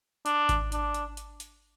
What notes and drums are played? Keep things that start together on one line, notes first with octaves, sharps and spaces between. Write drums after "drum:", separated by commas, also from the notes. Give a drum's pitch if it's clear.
D4, drum: hi-hat
drum: kick G#1, hi-hat
D4, drum: hi-hat
drum: hi-hat
drum: hi-hat
drum: hi-hat